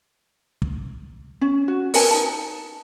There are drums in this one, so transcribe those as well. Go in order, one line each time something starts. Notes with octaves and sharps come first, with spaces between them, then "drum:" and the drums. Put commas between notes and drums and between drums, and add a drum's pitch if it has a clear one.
drum: kick
C#4
F#4
A#4 B4 G#5 A5, drum: open hi-hat
D#4 A5